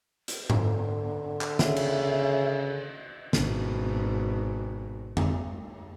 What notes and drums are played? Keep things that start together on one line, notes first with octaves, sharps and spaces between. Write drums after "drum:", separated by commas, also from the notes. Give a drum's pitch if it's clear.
drum: hi-hat
D3, drum: tom G#2
drum: clap
C#3 E5, drum: snare
drum: cymbal
G#1 B2, drum: snare
drum: tom